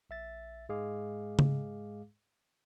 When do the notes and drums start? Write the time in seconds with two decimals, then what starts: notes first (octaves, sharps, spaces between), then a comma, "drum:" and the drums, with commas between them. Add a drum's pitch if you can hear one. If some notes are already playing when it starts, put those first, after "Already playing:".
0.10 A#1 E5 A6
0.69 G#2 G#3 G#4 F5 D6
1.39 drum: tom C#3